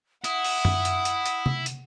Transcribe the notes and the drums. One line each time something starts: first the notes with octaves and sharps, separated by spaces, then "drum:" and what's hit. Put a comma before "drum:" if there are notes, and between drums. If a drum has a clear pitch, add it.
E4 F#5 D#6, drum: hi-hat
drum: open hi-hat
drum: tom F#2
drum: hi-hat
drum: hi-hat
drum: hi-hat
drum: tom C3
drum: hi-hat